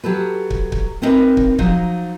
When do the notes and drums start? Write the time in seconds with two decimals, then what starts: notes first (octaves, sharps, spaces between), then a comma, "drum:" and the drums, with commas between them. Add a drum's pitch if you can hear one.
0.04 F#3 G4 A4 B4
0.50 drum: kick
0.72 drum: kick
1.02 B3 C4 D#4 E4 A#4 B4
1.37 drum: kick
1.59 F3 F#3 D#4, drum: kick